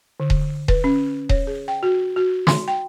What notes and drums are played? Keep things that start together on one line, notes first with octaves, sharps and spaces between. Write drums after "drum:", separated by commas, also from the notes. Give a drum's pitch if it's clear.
D3
drum: kick D#1
B4, drum: kick D#1
C#4
C#5, drum: kick D#1
G#4
G5
F#4
F#4
C6, drum: snare
G5